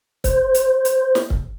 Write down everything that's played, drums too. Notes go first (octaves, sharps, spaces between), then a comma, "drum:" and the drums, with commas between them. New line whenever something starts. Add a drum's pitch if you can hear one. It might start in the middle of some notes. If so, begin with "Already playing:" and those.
C5, drum: kick C#1, hi-hat
drum: hi-hat
drum: hi-hat
drum: snare
drum: kick C#1